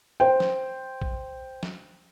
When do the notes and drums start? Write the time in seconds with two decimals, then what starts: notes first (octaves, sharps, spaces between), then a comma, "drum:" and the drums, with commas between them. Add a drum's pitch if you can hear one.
0.20 C5 G5
0.40 drum: snare
1.02 drum: kick A#1
1.63 drum: snare